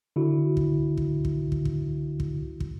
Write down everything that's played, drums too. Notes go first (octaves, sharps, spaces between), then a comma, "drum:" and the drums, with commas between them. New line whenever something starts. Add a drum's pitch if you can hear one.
D3 E4 F#4
drum: kick
drum: kick
drum: kick
drum: kick
drum: kick
drum: kick
drum: kick